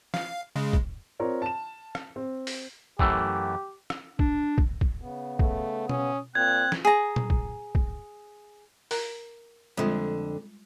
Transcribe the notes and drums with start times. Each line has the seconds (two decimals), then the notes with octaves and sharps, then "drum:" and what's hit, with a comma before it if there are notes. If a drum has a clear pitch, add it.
0.14 F5, drum: snare
0.56 C#3 G#3
0.73 drum: kick
1.19 C4 F4 A#4 C#5 D5
1.42 A5 E7
1.95 drum: rim click
2.16 C4
2.47 drum: open hi-hat
2.99 F#2 E3 A3 G4, drum: kick
3.90 drum: rim click
4.19 D4, drum: kick
4.58 drum: kick
4.81 drum: kick
5.02 C#3 B3
5.39 A3, drum: kick
5.89 C#4 D#6, drum: tom B2
6.35 A#2 C4 F#6 G#6
6.72 drum: snare
6.85 G#4 A#5
7.16 drum: tom A#2
7.30 drum: kick
7.75 drum: kick
8.91 A#4 A#5, drum: open hi-hat
9.77 F2 D3 G3 G#3 F4